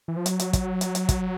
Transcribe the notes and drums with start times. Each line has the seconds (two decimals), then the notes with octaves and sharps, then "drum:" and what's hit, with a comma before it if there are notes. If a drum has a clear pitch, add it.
0.08 E3
0.17 F3
0.26 F#3, drum: hi-hat
0.39 drum: hi-hat
0.53 drum: kick, hi-hat
0.81 drum: hi-hat
0.95 drum: hi-hat
1.09 drum: kick, hi-hat